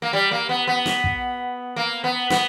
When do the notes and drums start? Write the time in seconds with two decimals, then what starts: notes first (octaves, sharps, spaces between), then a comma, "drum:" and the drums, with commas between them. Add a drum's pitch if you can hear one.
0.02 A#3
0.13 G3
0.31 A#3
0.49 B3
0.67 B3
0.86 drum: snare
1.04 drum: kick
1.76 A#3
2.04 B3
2.30 B3, drum: snare